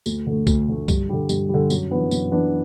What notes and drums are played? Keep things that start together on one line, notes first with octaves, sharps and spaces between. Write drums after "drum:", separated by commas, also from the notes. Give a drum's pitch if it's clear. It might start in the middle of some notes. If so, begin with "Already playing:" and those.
D2, drum: tambourine
D3 A3
D2, drum: kick C2, tambourine
D3 A3
G2, drum: kick C2, tambourine
D3 G3
G2, drum: tambourine
D3 G3
F#2, drum: tambourine
E3 B3 D4
F#2, drum: tambourine
E3 B3 D4